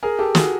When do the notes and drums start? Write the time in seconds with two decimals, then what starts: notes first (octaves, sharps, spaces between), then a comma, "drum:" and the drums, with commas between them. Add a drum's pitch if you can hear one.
0.03 G#4 A#4
0.19 G4 A4
0.35 F#4 G#4, drum: snare